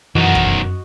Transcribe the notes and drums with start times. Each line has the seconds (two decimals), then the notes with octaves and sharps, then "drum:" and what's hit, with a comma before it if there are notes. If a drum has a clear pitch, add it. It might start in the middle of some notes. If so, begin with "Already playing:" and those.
0.15 B1 F#2 D#3 E3 F#4 D#5
0.35 drum: kick